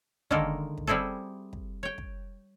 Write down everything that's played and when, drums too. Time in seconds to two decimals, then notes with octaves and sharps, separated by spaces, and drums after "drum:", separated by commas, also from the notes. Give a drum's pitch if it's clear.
0.31 D3 D#3 G#3 A#3 A4 A#4, drum: kick
0.78 drum: kick
0.87 G3 C4 E4 G#4 A4
1.53 drum: kick
1.83 C#5 G5
1.98 drum: kick